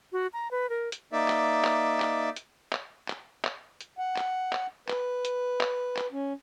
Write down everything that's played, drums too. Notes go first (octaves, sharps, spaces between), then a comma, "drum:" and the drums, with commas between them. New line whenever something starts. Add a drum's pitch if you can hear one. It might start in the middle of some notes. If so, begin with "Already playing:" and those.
F#4
A#5
B4
A#4
drum: hi-hat
A#3 D#4 D5 E5
drum: clap
drum: clap
drum: clap
drum: hi-hat
drum: clap
drum: clap
drum: clap
drum: hi-hat
F#5
drum: clap
drum: clap
B4, drum: clap
drum: hi-hat
drum: clap
drum: clap
C#4